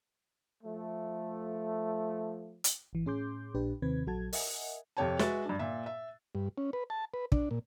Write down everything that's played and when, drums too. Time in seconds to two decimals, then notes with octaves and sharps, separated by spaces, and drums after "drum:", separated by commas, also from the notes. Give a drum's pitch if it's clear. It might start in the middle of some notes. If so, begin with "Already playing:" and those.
0.63 F3 A3
2.64 drum: hi-hat
2.93 G#1 E3
3.06 A2 C#4 G#4 C6 D6 G6
3.55 A#1 A#2 D4 G4 B4
3.82 D#2 C3 D#3 C4 B4 G#6
4.07 A#1 F#3 F#4 A4 A5 G#6
4.33 A#4 D#5 E5 F#5 G#5, drum: open hi-hat
4.97 F2 C3 G4 C#5 G5 A5
5.19 G#3 F#4 B4 E5 A6, drum: snare
5.45 G2 D4
5.59 A#2 E5
5.86 E5
6.35 G2
6.58 C#4
6.73 B4
6.90 A5
7.14 B4
7.32 D4, drum: kick
7.51 A#2